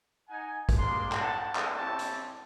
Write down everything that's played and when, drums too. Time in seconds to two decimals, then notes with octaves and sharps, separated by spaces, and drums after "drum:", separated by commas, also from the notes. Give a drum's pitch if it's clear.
0.30 D#4 F#5 G#5
0.69 drum: kick, hi-hat
0.79 G3 G#3 A#3 D4 C6
1.12 drum: clap
1.21 F#5 A5
1.56 drum: clap
1.77 C4 E4 G4 C#5 A5
1.99 drum: hi-hat